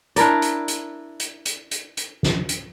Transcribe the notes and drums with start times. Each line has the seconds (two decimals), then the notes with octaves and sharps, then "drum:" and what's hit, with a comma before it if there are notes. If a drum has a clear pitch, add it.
0.16 D4 E4 A#4 D5, drum: hi-hat
0.42 drum: hi-hat
0.68 drum: hi-hat
1.20 drum: hi-hat
1.46 drum: hi-hat
1.71 drum: hi-hat
1.97 drum: hi-hat
2.23 drum: snare
2.49 drum: hi-hat